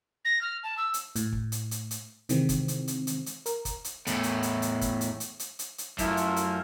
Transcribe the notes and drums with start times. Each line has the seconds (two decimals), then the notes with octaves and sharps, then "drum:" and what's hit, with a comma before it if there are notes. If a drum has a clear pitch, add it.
0.25 A#6
0.41 F6
0.63 A5
0.78 E6
0.94 drum: hi-hat
1.16 A2, drum: hi-hat
1.32 drum: kick
1.52 drum: hi-hat
1.71 drum: hi-hat
1.91 drum: hi-hat
2.29 C3 D#3 E3 G#3 C4, drum: hi-hat
2.49 drum: kick, hi-hat
2.68 drum: hi-hat
2.88 drum: hi-hat
3.07 drum: hi-hat
3.26 drum: hi-hat
3.46 A#4, drum: hi-hat
3.65 drum: kick, hi-hat
3.84 drum: hi-hat
4.07 E2 A2, drum: hi-hat
4.23 drum: hi-hat
4.43 drum: hi-hat
4.62 drum: hi-hat
4.81 drum: kick, hi-hat
5.01 drum: hi-hat
5.20 drum: hi-hat
5.40 drum: hi-hat
5.59 drum: hi-hat
5.78 drum: hi-hat
5.98 F#2 A3 E4 F4, drum: kick, hi-hat
6.17 drum: hi-hat
6.36 drum: hi-hat